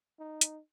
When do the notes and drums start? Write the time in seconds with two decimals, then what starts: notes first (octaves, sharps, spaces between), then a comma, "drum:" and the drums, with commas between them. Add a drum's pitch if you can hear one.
0.20 D#4
0.41 drum: hi-hat